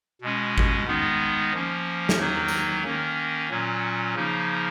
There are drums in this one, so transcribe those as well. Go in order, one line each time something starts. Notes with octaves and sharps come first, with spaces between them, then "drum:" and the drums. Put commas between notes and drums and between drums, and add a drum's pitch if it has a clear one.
B2 G#3 C#4
drum: kick G#1
D#3 G#3 B3 D#4
F3 A#3 C#4
drum: snare
D#3 F#3 A#3 D#4
drum: tambourine
D#3 A#3 C#4
A#2 F#3 C#4
C#3 F3 A#3 D#4